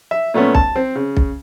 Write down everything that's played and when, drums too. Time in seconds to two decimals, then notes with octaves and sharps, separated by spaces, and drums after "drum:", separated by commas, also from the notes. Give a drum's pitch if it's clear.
0.11 E5
0.34 A#2 A3 B3 C#4
0.55 A5, drum: kick B1
0.76 C4
0.95 C#3
1.17 drum: kick B1